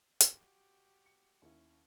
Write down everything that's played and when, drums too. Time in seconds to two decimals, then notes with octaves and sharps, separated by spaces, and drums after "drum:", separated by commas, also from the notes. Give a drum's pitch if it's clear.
0.20 F#4 G4, drum: hi-hat
1.06 C#7
1.42 D#2 C#4 E4